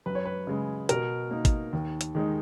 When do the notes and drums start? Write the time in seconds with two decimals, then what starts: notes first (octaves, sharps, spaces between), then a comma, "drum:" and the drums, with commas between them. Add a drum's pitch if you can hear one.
0.06 F#2 B4
0.15 C#5
0.25 B4
0.47 C#3 G#3
0.89 B2 A#4, drum: hi-hat
1.31 A#3 D#4
1.45 drum: kick G#1, hi-hat
1.73 D#2
2.01 drum: hi-hat
2.15 D#3 G#3 D#4